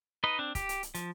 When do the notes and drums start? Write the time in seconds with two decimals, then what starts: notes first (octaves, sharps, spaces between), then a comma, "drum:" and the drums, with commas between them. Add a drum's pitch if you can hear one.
0.24 D#4 B4 D#5
0.39 C4 D4
0.55 G4, drum: kick C#1, hi-hat
0.69 drum: hi-hat
0.83 drum: hi-hat
0.95 F3, drum: hi-hat